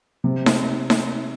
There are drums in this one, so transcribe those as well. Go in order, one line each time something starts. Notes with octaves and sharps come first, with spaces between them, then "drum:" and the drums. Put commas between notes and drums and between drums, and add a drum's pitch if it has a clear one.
C3
drum: snare D#4
drum: snare D#4